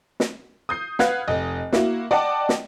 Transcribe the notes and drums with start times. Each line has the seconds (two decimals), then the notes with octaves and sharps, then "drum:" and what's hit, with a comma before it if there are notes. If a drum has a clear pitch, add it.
0.20 drum: snare
0.69 D#6 G6 C7
0.99 B4 F5 F#5 F#6 G#6, drum: snare
1.28 F1 D#5
1.73 A#3 E4 F#4, drum: snare
2.11 D5 D#5 F#5 G5 A5 D6
2.49 drum: snare